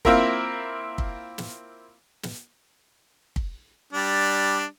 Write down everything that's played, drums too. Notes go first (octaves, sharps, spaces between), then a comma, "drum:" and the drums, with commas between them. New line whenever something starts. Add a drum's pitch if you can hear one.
A#3 C4 E4 F4 A#4, drum: kick
drum: kick
drum: snare
drum: snare
drum: kick
G3 D4